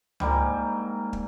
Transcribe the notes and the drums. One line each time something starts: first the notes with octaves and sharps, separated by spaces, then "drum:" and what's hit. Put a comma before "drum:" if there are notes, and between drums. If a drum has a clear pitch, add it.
G#2 G3 A#3 A#4, drum: tom C#2
drum: kick